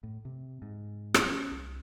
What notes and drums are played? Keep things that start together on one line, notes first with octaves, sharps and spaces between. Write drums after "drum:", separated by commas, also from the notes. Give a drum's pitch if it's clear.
A2
C3
G#2
drum: rim click
C#4
C2